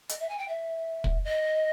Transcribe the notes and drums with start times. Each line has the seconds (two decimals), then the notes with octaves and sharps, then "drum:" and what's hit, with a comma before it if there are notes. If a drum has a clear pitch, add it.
0.09 D#5, drum: hi-hat
0.20 E5
0.29 G#5
0.38 G5
0.48 E5
1.04 drum: kick
1.25 D#5